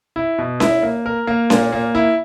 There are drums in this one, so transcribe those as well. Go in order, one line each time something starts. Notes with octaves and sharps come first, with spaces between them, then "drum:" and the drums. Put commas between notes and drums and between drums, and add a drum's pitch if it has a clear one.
E4
B2
E4, drum: snare C#4
A#3
A#4
A#3
A#2, drum: snare C#4
A#3
E4